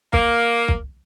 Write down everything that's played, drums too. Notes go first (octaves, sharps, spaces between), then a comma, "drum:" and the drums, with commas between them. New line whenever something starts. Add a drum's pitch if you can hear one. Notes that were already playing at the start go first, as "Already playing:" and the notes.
A#3, drum: kick
drum: kick